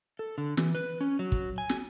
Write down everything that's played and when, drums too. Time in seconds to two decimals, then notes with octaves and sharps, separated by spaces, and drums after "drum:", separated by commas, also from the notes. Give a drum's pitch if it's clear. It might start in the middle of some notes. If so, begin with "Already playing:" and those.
0.19 A4
0.38 D3
0.57 E3, drum: snare
0.75 B4
1.01 C#4
1.19 F#3
1.32 drum: kick
1.58 G#5
1.69 drum: snare